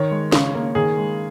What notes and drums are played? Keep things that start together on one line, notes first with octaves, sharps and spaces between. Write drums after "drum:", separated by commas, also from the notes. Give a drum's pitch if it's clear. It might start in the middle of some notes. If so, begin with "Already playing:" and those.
Already playing: D#3 C#5
G#3
C#3, drum: snare
A#3
D#3 G#4
G#3